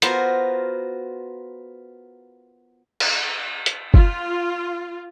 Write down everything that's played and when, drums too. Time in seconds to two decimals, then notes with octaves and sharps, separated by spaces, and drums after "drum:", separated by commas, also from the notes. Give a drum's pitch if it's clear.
0.02 B3 F4 F#4 A#4 C5, drum: hi-hat
3.00 drum: cymbal
3.66 drum: hi-hat
3.94 F4, drum: kick